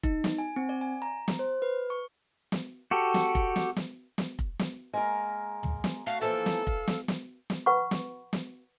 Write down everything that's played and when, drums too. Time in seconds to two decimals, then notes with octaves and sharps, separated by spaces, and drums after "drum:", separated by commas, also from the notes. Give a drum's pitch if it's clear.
0.03 D#4, drum: kick F1
0.24 drum: snare
0.38 G#5
0.56 C4
0.69 D5
0.81 G#5
1.02 A#5
1.28 drum: snare
1.39 C5
1.62 B4
1.90 C#6
2.52 drum: snare
2.91 F#4 G4 A4
3.14 drum: snare
3.35 drum: kick F1
3.56 drum: snare
3.76 drum: snare
4.18 drum: snare
4.39 drum: kick F1
4.59 drum: snare
4.93 G#3 A#3 A#4
5.63 drum: tom
5.84 drum: snare
6.07 A3 F#4 F5
6.21 E3 F3 A#3 A4
6.46 drum: snare
6.67 F5, drum: kick F1
6.87 drum: snare
7.08 drum: snare
7.50 drum: snare
7.66 B4 F#5 B5 C#6
7.91 drum: snare
8.33 drum: snare